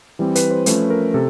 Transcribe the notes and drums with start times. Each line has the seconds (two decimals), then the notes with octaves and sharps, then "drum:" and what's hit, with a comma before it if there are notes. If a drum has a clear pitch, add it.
0.19 E3 G3 C4
0.35 B4, drum: hi-hat
0.51 C5
0.66 F3 A3 C#4 B4, drum: hi-hat
0.90 A#4
1.14 C3 A4